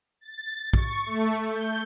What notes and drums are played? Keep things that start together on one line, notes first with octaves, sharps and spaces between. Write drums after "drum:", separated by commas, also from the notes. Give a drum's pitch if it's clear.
A6
C#6, drum: kick
A3
G6